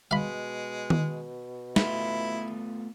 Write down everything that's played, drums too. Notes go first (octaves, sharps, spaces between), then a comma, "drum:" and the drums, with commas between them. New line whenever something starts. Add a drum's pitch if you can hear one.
B2 G#3 F5 B5
drum: tom D#3
A3 B3 E4 F4, drum: snare